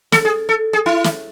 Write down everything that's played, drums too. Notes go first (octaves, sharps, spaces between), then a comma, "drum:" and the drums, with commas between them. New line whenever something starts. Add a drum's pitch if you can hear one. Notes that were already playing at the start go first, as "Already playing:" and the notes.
A4, drum: snare
G#4
A4
G#4
E4
drum: snare